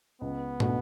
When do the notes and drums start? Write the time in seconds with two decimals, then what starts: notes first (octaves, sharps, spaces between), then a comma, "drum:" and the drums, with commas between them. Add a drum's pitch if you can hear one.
0.21 C#2 B3
0.60 B2 A3 D4 F#4, drum: tom